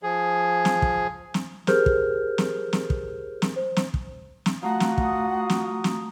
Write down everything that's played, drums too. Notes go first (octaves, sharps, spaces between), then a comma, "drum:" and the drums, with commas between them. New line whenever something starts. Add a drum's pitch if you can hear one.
F3 G#4
drum: snare
drum: kick
drum: snare
G4 G#4 A#4 C5 F6 G6, drum: snare
drum: kick
drum: snare
drum: snare
drum: kick
drum: snare
C5
drum: snare
drum: kick
drum: snare
A3 F4 F#4 F#5 A#5 D#6
drum: snare
drum: kick
drum: snare
drum: snare